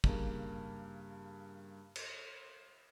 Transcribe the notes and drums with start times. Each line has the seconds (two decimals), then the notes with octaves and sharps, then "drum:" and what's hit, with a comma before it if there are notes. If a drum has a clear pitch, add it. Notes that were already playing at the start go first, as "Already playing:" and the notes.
0.04 G2 C#3 A#3, drum: kick
1.96 drum: cymbal